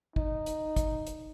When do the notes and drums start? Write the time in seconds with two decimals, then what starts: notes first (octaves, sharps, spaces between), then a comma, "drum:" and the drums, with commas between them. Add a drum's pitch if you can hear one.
0.16 D#4, drum: kick
0.46 drum: hi-hat
0.76 drum: kick, hi-hat
1.07 drum: hi-hat